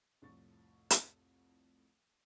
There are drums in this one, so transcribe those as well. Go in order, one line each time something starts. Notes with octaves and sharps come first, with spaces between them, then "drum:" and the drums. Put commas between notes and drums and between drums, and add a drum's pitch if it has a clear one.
C2 F2 A2 C#6 A6
drum: hi-hat